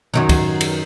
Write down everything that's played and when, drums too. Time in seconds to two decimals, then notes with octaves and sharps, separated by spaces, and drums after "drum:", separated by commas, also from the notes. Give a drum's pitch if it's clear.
0.14 F#2 D#3 F#3
0.29 drum: kick, cymbal
0.61 drum: cymbal